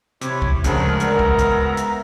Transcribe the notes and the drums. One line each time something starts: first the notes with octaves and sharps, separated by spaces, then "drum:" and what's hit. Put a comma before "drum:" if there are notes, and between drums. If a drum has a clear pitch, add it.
C3 E4 C#5, drum: hi-hat
drum: kick
D2 C#3 F3 G#3 D4 A#4, drum: kick, hi-hat
B3 A#4 E5 A#5, drum: hi-hat
drum: kick
drum: kick, hi-hat
drum: hi-hat